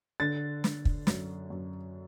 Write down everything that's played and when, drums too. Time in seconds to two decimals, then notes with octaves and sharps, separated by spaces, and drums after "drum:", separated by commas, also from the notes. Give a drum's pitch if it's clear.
0.20 D3 A6
0.64 D3, drum: snare
0.85 drum: kick
1.07 F#2, drum: snare
1.50 F#2